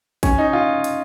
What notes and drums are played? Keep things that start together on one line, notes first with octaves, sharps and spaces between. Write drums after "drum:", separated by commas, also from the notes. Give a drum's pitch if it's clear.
C#4, drum: kick, hi-hat
D#4
F4
drum: hi-hat